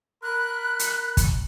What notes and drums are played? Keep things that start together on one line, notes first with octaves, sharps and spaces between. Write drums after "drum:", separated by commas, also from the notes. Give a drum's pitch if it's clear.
A#4 B5 F#6
drum: hi-hat
drum: kick, hi-hat